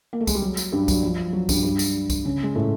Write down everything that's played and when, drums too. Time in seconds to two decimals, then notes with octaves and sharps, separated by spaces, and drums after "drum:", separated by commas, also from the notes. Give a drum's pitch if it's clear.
0.13 A#3
0.20 A3
0.27 G#3, drum: kick C2, tambourine
0.35 G3
0.42 F#3
0.57 drum: tambourine
0.72 G2 G3
0.88 F#3, drum: kick C2, tambourine
1.03 F3
1.33 F#3
1.49 G2 G3, drum: kick C2, tambourine
1.63 G2 G3
1.79 drum: tambourine
2.10 drum: kick C2, tambourine
2.25 C#3 C#4
2.43 G#3
2.55 A2 A3